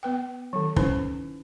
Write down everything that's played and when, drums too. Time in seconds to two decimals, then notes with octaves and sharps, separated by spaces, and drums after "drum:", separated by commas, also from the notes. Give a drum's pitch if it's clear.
0.03 B3 B4 G5
0.53 D#3 F#3
0.76 C#4 D#4 E4 B4 C5, drum: kick